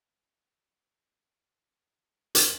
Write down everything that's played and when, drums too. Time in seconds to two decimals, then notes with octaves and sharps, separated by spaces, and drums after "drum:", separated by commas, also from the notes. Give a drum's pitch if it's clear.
0.07 C2 G#2 D4 E4 F#4
2.35 drum: hi-hat